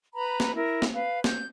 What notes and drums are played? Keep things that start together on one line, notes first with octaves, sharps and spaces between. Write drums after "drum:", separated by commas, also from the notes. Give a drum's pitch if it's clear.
B4 A#5 B5
drum: snare
E4 A#4
drum: snare
B4 F5
G6, drum: snare